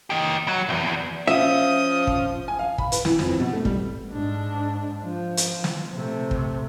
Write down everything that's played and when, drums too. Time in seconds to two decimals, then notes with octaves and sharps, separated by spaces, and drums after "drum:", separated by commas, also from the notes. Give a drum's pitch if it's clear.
0.10 G4 D#5
0.48 F#3
0.69 B1 E2
1.27 F3 C#4 E5 F5 D#6
2.07 drum: kick
2.48 G#5
2.59 F5
2.78 B5, drum: kick
2.92 B4, drum: hi-hat
3.05 E3, drum: snare
3.19 F2, drum: snare
3.40 B2
3.53 A3
3.65 G3, drum: kick
4.11 G#2 D4
5.05 F3
5.37 drum: hi-hat
5.64 drum: snare
5.94 C3 A3
6.31 drum: kick